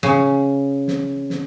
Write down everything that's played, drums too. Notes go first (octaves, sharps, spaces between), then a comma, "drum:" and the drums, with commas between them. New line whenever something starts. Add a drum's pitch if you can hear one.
C#3, drum: snare
drum: snare
drum: snare